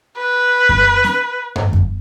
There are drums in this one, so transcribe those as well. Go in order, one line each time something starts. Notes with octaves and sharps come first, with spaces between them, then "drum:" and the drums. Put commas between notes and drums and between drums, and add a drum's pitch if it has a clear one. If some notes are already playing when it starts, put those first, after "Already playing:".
B4
drum: kick F#2
drum: snare
drum: tom F#2
drum: kick F#2